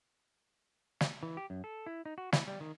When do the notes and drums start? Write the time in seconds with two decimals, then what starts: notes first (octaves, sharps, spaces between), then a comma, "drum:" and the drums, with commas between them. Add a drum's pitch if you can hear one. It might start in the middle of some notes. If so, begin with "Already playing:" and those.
1.01 drum: snare
1.23 E3
1.37 G4
1.50 F#2
1.64 A4
1.86 E4
2.06 D#4
2.18 F#4
2.33 E4, drum: snare
2.48 G3
2.60 D#3